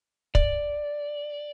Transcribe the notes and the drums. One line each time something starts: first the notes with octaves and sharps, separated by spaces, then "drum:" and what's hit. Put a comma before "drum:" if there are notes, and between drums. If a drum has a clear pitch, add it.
D5, drum: kick